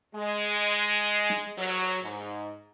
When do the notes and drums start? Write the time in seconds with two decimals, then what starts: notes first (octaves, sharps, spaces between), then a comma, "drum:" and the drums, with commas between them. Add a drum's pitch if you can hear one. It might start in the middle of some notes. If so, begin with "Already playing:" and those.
0.14 G#3
1.30 drum: snare
1.57 F#3, drum: open hi-hat
2.02 G#2